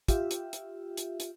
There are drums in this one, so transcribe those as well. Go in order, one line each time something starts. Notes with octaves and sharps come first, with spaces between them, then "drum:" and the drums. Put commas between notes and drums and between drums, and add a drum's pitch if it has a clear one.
F4 G4 E5, drum: kick, hi-hat
drum: hi-hat
drum: hi-hat
drum: hi-hat
drum: hi-hat